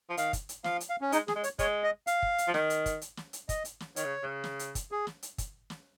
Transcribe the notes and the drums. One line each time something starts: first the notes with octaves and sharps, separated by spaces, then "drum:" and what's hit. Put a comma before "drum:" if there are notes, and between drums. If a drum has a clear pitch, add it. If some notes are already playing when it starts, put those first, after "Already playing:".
F3
D#3 F5, drum: hi-hat
drum: kick, hi-hat
drum: hi-hat
F3 F5, drum: snare
drum: hi-hat
F5
C#4
G#3 D#4, drum: hi-hat
G#4, drum: snare
G#3
C#5, drum: hi-hat
G#3 C#5, drum: kick, hi-hat
D#5
F5, drum: hi-hat
drum: kick
drum: hi-hat
F3
D#3, drum: snare
drum: hi-hat
drum: kick, hi-hat
drum: hi-hat
drum: snare
drum: hi-hat
D#5, drum: kick, hi-hat
drum: hi-hat
drum: snare
D#3 C#5, drum: hi-hat
C#3
C#3
drum: snare
drum: hi-hat
drum: kick, hi-hat
G#4
drum: snare
drum: hi-hat
drum: kick, hi-hat
drum: snare